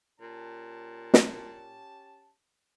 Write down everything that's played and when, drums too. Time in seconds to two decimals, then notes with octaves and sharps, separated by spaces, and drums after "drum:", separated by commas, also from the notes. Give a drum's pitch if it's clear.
0.21 A#2 C#4 G4 A5
1.14 drum: snare